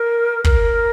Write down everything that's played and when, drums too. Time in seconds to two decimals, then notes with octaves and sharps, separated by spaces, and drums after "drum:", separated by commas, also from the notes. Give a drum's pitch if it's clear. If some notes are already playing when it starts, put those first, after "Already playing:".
Already playing: A#4
0.44 A#4, drum: kick